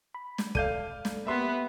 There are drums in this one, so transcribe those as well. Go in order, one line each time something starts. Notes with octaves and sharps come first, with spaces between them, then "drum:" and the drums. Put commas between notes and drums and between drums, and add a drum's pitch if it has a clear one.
B5
drum: snare
A4 D5 F5 G6 D#7, drum: kick
drum: snare
A#3 B3 G4 B4 E5 C6